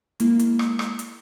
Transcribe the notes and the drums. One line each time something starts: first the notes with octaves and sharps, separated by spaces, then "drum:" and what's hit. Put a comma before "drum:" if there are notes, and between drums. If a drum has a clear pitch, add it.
G#3 A#3 E4, drum: hi-hat
drum: hi-hat
drum: rim click
drum: rim click
drum: hi-hat